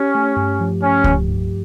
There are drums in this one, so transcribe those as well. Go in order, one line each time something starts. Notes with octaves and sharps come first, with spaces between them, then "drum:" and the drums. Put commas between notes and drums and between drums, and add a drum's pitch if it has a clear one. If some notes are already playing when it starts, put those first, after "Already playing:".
Already playing: C#4 G4
A3
G2
F3
A3 C#4
F3, drum: kick C#2
G2